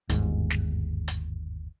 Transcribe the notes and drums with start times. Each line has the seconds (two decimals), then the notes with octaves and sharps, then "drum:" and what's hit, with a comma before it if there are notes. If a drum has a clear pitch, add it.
0.09 G1 D#2 G#2, drum: hi-hat
0.50 drum: snare
1.08 drum: hi-hat